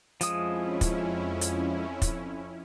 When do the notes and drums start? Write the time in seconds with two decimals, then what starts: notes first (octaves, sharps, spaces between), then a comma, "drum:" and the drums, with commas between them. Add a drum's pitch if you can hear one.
0.21 F2 F3 G#3 C#4 E4 D#6, drum: hi-hat
0.81 drum: kick, hi-hat
1.41 drum: hi-hat
2.02 drum: kick, hi-hat